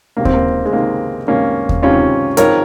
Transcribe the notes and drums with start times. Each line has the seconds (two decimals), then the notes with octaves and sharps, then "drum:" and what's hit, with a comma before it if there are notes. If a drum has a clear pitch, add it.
0.17 C#2 C3 D#3 A#3
0.25 C4, drum: kick D#2
0.34 A#3
0.65 G#3
0.73 C#2 C3 D#3 A#3
1.27 C#2 C3 D#3 A#3 C#4
1.69 drum: kick D#2
1.82 C#2 C3 D#3 C#4 F4
2.37 G#1 G#2 F3 A#4 C#5, drum: hi-hat